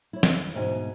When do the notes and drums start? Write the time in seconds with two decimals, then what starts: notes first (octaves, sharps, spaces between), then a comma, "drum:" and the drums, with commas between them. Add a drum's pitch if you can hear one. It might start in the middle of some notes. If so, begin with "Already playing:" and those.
0.13 E4 C#5
0.23 drum: snare
0.54 D2 G#2 B2 G#5